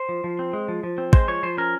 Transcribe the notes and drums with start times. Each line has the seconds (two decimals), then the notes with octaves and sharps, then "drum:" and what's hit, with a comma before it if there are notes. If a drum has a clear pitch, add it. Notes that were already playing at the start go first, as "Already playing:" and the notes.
Already playing: C5
0.09 F3
0.24 F3
0.39 C4
0.53 G#3
0.68 F3
0.83 F3
0.98 C4
1.13 G#3 C5, drum: kick
1.28 F3 C#5
1.43 F3 C5
1.57 C#4 A#4